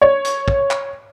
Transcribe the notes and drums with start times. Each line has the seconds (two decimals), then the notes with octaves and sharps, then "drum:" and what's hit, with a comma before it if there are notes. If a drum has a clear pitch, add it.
0.02 C#5
0.25 drum: hi-hat
0.48 drum: kick
0.71 drum: clap